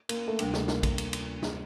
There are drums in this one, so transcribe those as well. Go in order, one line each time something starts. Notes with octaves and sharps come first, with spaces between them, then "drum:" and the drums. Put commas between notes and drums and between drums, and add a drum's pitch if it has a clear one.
A#3, drum: cymbal
A3
D2 C3 G3 A#3 D4, drum: cymbal
A3, drum: snare
A#3, drum: snare
drum: kick A#1, cymbal
drum: cymbal
drum: cymbal
drum: snare